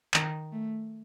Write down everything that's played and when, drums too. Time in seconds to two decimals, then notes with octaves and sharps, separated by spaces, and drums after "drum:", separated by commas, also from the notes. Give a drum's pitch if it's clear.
0.14 D#3, drum: clap
0.53 A3